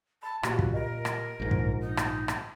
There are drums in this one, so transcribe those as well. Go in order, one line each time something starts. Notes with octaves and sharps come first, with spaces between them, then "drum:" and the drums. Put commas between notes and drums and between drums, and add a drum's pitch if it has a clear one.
A5 B5
A#2 F#4 G4 B4, drum: rim click
drum: kick
A#4 D#5
drum: rim click
A#1 G#2
drum: kick
D#4
drum: rim click
drum: rim click